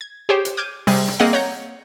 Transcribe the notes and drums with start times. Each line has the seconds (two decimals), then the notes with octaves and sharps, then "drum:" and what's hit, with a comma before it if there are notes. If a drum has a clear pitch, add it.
0.01 G#6
0.29 G4 G#4 C5 C#5 G5
0.45 drum: hi-hat
0.57 D6 F6 G6 G#6 D#7
0.87 C3 G3 G#4, drum: open hi-hat
1.08 drum: rim click
1.19 A#3 C4 G#4 D#5 F5 F#5
1.33 C#5 F#5 A#5 G6 A#6